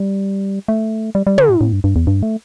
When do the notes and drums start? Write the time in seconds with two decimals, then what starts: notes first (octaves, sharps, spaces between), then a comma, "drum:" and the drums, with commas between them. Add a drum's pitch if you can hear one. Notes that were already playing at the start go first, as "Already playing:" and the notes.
Already playing: G3
0.68 A3
1.15 G3
1.27 G3
1.38 D3, drum: tom
1.49 A2
1.61 A2
1.73 G2
1.84 G2
1.96 E2
2.07 G2
2.23 A3